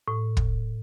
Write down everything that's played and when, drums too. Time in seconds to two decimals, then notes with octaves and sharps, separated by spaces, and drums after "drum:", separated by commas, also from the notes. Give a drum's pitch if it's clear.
0.08 A2
0.37 drum: kick